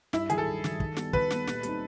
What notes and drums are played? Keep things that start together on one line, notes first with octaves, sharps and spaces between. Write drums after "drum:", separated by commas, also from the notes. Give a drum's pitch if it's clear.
G2 E4, drum: snare
D#3 F#3 G#4, drum: hi-hat
A4
G2
D#3 F#3, drum: snare
D#3, drum: kick
G3 B3, drum: snare
D#3 B4, drum: kick
G3 B3, drum: snare
A#2, drum: snare
G3 C4 D#4, drum: hi-hat